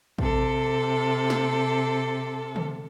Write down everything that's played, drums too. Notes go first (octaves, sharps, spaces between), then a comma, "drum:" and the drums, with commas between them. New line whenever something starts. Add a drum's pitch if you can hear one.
C3 A4, drum: kick
drum: snare
drum: tom